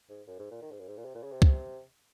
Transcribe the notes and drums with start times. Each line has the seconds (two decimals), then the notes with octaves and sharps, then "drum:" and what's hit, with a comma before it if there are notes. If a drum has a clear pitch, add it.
0.10 G#2
0.27 F#2
0.39 G#2
0.51 A#2
0.62 D#3
0.71 G#2
0.80 F#2
0.88 G#2
0.97 A#2
1.05 C3
1.15 A#2
1.23 C#3
1.32 C3
1.42 drum: kick C#2